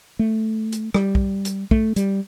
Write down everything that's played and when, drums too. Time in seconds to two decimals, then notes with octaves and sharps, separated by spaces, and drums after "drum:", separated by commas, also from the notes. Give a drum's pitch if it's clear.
0.19 A3
0.72 drum: hi-hat
0.94 G3, drum: rim click
1.15 drum: kick
1.45 drum: hi-hat
1.71 A3, drum: kick
1.96 G3, drum: hi-hat